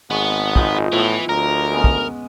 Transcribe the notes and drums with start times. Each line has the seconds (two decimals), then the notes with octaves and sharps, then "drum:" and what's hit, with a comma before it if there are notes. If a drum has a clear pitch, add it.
0.11 G#1 G#3 B3 C#6
0.56 G#3 D#4 F4, drum: kick
0.92 A2 E3 F3 B3 E6
1.29 D2 A#4
1.71 G#3 B3 C#4
1.84 drum: kick